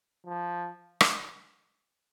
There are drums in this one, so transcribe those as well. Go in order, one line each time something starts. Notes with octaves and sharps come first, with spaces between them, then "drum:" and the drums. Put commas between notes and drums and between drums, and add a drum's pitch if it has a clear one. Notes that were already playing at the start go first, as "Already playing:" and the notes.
F3
drum: rim click